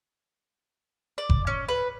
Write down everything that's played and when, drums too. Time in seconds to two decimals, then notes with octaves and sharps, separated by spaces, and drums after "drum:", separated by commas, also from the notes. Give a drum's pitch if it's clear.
1.18 D5
1.30 drum: kick F#1
1.47 C#4
1.69 B4